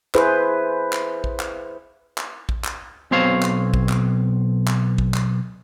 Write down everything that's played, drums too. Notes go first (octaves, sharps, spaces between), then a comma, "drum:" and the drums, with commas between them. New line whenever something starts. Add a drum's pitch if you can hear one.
E4 G#4 B4 C5, drum: clap
drum: clap
drum: kick
drum: clap
drum: clap
drum: kick
drum: clap
B1 B2 C4 C5 C#5 F5
drum: clap
drum: kick
drum: clap
drum: clap
drum: kick
drum: clap